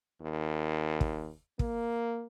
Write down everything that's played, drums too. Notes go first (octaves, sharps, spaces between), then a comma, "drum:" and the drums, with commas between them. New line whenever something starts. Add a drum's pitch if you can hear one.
D#2
drum: kick
A#3, drum: kick